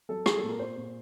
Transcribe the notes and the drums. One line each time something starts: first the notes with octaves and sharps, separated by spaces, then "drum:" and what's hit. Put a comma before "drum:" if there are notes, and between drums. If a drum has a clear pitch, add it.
F#3 A4
F#3 G#4, drum: rim click
A4
A#2
A#4
A#2 C5
A#2